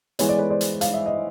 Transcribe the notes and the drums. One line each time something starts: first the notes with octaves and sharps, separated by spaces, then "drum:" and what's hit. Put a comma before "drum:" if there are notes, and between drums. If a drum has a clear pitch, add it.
E3 G#3 B3 C#5, drum: hi-hat
D5
B4 C#5
C5 D5
drum: hi-hat
F5, drum: hi-hat
E5
D#5